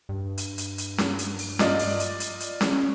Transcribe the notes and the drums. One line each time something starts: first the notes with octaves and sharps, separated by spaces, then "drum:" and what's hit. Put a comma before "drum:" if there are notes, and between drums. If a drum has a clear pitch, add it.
G2
drum: hi-hat
drum: hi-hat
drum: hi-hat
drum: snare C#4
drum: hi-hat
drum: open hi-hat
F4 D5 D#5, drum: snare C#4
drum: open hi-hat
drum: hi-hat
drum: hi-hat
drum: hi-hat
drum: snare C#4
C#4